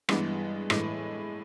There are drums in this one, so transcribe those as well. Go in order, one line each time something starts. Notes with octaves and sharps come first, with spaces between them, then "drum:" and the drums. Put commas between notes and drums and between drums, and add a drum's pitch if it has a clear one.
G2 E3 G#3 B3, drum: rim click
A2 E3 G#3, drum: rim click